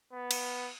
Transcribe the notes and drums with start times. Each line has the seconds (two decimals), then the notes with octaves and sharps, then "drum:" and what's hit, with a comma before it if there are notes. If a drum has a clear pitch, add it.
0.12 B3
0.31 drum: cymbal